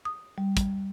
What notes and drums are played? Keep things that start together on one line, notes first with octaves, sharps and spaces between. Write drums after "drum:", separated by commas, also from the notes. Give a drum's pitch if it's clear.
D#6
G3
drum: kick, hi-hat